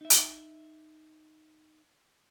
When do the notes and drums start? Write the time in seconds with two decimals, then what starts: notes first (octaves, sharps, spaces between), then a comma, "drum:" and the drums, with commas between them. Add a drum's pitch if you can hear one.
0.01 D#4 E5
0.10 drum: hi-hat